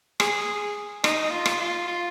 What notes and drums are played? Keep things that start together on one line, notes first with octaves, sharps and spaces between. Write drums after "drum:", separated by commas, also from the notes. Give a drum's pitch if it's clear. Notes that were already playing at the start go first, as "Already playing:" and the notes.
G#4, drum: rim click
D#4, drum: rim click
F4
drum: rim click
F4
F4